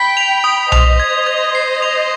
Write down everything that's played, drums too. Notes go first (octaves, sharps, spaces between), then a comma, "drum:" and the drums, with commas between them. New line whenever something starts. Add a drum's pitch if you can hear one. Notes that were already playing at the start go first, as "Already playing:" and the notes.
Already playing: G5 B5 B6
F7
D#6
C5 D#5 F7, drum: tom B1
G#6
G#6
C7
F7